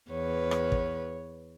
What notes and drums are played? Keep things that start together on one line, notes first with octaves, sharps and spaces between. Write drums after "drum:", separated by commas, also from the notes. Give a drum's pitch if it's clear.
E2 B4 C#5
drum: rim click
drum: kick